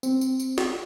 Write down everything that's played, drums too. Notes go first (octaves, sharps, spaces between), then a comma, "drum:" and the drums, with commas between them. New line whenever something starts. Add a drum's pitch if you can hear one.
C4, drum: tambourine
drum: tambourine
drum: tambourine
drum: snare